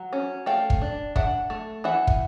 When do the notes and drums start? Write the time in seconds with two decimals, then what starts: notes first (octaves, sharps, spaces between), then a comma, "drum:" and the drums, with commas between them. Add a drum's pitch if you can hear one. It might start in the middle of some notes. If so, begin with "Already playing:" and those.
Already playing: F#3
0.13 C#4
0.46 A3 F5 G5
0.70 drum: kick
0.82 D4
1.16 D4 E5 F#5, drum: kick
1.50 A3
1.84 E3 E5 F#5
2.07 drum: kick